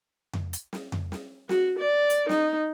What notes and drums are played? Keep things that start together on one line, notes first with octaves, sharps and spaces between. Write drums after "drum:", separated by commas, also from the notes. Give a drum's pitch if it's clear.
drum: tom F2
drum: hi-hat
drum: snare
drum: tom F2
drum: snare
F#4, drum: snare
D5
drum: hi-hat
D#4, drum: snare